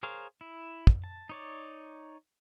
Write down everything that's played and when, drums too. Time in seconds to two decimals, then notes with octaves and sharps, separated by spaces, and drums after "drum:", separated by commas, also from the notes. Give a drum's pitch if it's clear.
0.03 G#4 A#4 C5 C#5 F5
0.41 E4
0.87 drum: kick
1.04 A5
1.29 D#4 C#5 D5